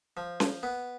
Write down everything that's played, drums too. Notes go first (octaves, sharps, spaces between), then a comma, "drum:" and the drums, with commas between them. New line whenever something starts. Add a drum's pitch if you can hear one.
F3
drum: snare C#4
B3